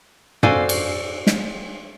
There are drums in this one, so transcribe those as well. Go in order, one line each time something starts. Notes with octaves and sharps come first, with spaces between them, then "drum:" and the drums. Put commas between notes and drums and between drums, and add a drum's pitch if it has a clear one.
F#4 A4 C5 D5 F5 G#5, drum: tom
drum: cymbal
drum: snare